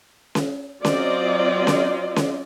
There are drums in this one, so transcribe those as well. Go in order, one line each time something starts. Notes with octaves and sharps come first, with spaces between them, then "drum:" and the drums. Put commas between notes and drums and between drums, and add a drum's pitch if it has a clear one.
drum: snare C#4
F#3 C4 F4 D5 D#5, drum: snare C#4
drum: snare C#4
drum: snare C#4